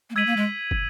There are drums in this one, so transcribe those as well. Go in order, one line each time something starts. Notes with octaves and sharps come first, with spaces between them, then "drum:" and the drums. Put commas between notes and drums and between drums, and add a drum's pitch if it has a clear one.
A#3
G#3 E6 G#6 B6 D#7 F#7
A#3
G#3
drum: kick